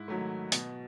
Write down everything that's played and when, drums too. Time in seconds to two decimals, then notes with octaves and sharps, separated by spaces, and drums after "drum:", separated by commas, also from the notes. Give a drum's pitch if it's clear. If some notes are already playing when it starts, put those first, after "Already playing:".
Already playing: G#2 E4
0.08 D#3 F#3 A3
0.52 B2, drum: hi-hat